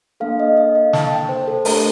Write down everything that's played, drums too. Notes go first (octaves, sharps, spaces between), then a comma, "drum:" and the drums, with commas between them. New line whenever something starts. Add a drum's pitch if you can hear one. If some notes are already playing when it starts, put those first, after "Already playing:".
A#3 D4 A4 F5
D#5
D#5
F5
A5, drum: snare
G5
C5
A4
A3 D4 G4 A#4, drum: open hi-hat